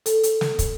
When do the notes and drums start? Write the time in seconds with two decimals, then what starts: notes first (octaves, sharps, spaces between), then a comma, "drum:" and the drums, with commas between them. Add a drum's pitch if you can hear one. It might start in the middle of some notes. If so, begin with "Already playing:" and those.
0.06 A4, drum: hi-hat
0.23 drum: hi-hat
0.41 drum: snare
0.59 drum: kick, hi-hat